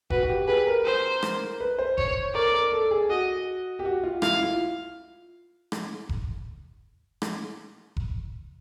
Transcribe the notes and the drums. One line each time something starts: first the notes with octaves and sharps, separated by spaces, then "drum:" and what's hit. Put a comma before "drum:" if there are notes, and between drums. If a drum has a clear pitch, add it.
F#4 B4, drum: kick F1
F#4
G4
G#4 B4
A#4
C5
drum: rim click
B4
C5
C#5, drum: kick F1
A#4 D5
A#4
A4
G#4
F#4 D#5
G4
F#4
F4
E4 F5, drum: rim click
F4
drum: rim click
drum: kick F1
drum: rim click
drum: kick F1